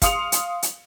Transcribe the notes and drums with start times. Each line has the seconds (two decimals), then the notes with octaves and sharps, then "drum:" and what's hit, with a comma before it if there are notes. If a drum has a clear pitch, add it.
0.02 F5 C6 D#6 C#7 F7, drum: kick, hi-hat
0.32 drum: hi-hat
0.62 drum: hi-hat